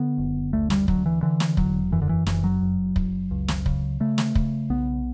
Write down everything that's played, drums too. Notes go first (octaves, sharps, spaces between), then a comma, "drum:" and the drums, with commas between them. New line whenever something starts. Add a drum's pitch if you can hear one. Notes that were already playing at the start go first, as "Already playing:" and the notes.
Already playing: D3 B3
F#1
D2 A3
G3, drum: snare
D2 F#3, drum: kick
E3
D3 E3
drum: snare
E1 F#3, drum: kick
F#2 E3
D3
E3
F#1 E3, drum: snare
F#3
F#1
F#1, drum: kick
C#2
drum: snare
C#3, drum: kick
C#3 A3
drum: snare
C#3, drum: kick
B1 B3